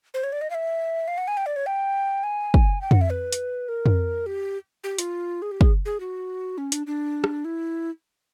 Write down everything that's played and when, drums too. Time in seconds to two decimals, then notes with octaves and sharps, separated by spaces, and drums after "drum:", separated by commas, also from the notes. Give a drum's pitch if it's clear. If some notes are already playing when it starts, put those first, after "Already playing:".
0.14 C5
0.24 C#5
0.32 D5
0.41 D#5
0.50 F5
0.54 E5
1.08 F5
1.18 F#5
1.28 G#5
1.37 G5
1.46 D5
1.56 C#5
1.66 G5
2.23 G#5
2.54 drum: kick
2.81 G5
2.91 F#5, drum: tom F2
3.01 E5
3.10 B4
3.33 drum: hi-hat
3.68 A#4
3.86 drum: tom F2
4.26 G4
4.84 G4
4.99 F4, drum: hi-hat
5.42 G#4
5.51 G4
5.61 G#4, drum: kick
5.85 G#4
6.00 F#4
6.58 C#4
6.72 D4, drum: hi-hat
6.87 D4
7.24 drum: rim click
7.45 E4